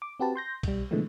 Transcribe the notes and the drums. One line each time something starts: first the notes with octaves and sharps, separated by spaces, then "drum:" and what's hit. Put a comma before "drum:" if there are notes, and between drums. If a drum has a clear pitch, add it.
D6
C4 F#4 G4 B4 A5
C6 G6 A#6
B1 G3, drum: kick, cymbal
B2 D3 E3 F3 G#3 A3